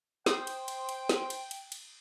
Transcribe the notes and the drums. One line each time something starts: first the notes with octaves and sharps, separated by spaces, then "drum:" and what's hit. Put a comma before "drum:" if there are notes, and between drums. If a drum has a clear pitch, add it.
C5 G5 D#6, drum: snare
drum: cymbal
drum: cymbal
drum: cymbal
drum: snare
drum: cymbal
drum: cymbal
drum: cymbal